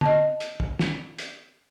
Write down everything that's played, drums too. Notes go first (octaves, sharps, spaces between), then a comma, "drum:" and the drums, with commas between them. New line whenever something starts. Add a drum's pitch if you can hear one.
D#5 A5, drum: tom
drum: hi-hat
drum: kick
drum: snare
drum: hi-hat